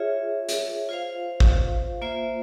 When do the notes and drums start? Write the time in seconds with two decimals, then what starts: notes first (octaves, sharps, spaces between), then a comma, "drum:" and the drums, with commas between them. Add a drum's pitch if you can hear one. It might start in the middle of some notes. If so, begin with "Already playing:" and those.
Already playing: F4 G#4 C#5 E5
0.49 drum: hi-hat
0.89 F4 C5 F5
1.40 drum: kick A1
2.02 A#3 F4 C5 E5